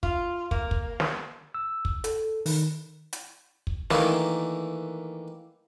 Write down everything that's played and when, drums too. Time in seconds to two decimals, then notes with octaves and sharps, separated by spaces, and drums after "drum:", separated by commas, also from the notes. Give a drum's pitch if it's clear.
0.03 F4, drum: kick
0.51 A#3, drum: kick
0.71 drum: kick
1.00 drum: snare
1.54 E6
1.85 drum: kick
2.04 A4, drum: hi-hat
2.46 D#3, drum: open hi-hat
3.13 drum: hi-hat
3.67 drum: kick
3.90 D#3 E3 A3 A#3 D4 E4, drum: snare